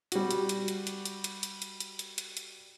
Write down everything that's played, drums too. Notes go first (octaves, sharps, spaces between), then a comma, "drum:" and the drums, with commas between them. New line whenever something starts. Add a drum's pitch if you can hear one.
G3 F#4, drum: hi-hat
drum: hi-hat
drum: hi-hat
drum: hi-hat
drum: hi-hat
drum: hi-hat
drum: hi-hat
drum: hi-hat
drum: hi-hat
drum: hi-hat
drum: hi-hat
drum: hi-hat
drum: hi-hat